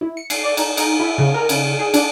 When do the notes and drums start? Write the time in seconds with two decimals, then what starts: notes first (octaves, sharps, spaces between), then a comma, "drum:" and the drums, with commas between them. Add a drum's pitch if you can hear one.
0.01 E4
0.17 C#7
0.30 C7, drum: cymbal
0.44 D5
0.57 D#4, drum: cymbal
0.77 D#4, drum: cymbal
1.00 E4
1.18 C#3
1.34 A#4
1.49 C#3, drum: cymbal
1.79 G#4
1.94 D4, drum: cymbal